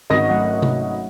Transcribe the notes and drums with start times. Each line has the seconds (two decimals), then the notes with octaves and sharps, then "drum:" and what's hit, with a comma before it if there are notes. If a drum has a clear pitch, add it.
0.10 G#1 C#4 F#4 D#5 D#6 A#6
0.30 F#3 A3 F#5
0.62 drum: tom C3